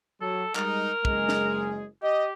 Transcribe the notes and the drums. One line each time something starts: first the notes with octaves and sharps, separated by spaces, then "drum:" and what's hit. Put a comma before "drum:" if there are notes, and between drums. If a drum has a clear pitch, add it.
F#3 A4
G3 G#3 D#4 A#4, drum: clap
F#1 G#3 G#4, drum: kick
drum: snare
G4 D#5